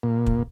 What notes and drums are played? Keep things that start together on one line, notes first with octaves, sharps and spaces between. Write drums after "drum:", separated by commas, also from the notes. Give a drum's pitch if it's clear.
A#2
drum: kick